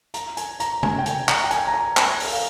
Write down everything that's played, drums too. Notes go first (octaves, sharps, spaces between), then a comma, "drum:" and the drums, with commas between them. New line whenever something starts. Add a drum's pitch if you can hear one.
A#5, drum: hi-hat
G#5, drum: hi-hat
A#5, drum: hi-hat
G#5, drum: tom
G5
G#5, drum: hi-hat
A#5, drum: clap
G5
G#5, drum: hi-hat
A#5
G#5
G#5, drum: clap
drum: open hi-hat
F5